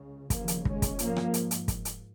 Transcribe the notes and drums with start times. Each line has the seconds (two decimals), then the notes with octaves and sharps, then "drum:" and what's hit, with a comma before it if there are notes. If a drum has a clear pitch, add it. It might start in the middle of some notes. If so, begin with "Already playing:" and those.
Already playing: C#2 C#3
0.30 F1 D#2 C#3 F3 A#3, drum: kick, hi-hat
0.48 drum: hi-hat
0.65 G#3 C#4, drum: kick
0.82 drum: kick, hi-hat
0.99 G#2 F3 A#3, drum: hi-hat
1.16 drum: rim click
1.34 drum: hi-hat
1.51 drum: hi-hat
1.68 drum: kick, hi-hat
1.85 drum: hi-hat